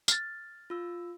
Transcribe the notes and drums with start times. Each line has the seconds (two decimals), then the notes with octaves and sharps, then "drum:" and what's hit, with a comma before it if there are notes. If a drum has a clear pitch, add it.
0.08 F6 A6, drum: tambourine
0.70 F4 E6